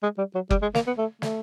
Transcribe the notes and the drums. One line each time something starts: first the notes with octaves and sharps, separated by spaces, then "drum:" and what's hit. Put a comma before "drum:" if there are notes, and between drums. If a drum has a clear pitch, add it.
G#3
G3
F#3
G3, drum: kick F#1
G#3
A#3, drum: snare
B3
A3
A3, drum: snare